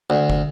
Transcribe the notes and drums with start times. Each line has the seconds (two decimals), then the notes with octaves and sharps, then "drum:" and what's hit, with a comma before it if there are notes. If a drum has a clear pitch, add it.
0.10 D2
0.30 drum: kick